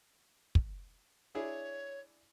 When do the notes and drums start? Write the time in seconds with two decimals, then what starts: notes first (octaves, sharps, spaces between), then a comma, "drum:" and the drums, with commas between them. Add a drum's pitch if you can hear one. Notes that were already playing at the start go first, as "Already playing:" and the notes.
0.55 drum: kick
1.35 D4 E4 G#4 C#5